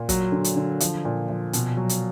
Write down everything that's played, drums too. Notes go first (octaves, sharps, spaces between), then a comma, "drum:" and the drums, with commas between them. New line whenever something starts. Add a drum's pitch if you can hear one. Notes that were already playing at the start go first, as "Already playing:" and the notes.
Already playing: A#2
F#3, drum: kick, hi-hat
D3
drum: hi-hat
D3
F3, drum: hi-hat
A#2
F3
B2, drum: hi-hat
F#3
drum: hi-hat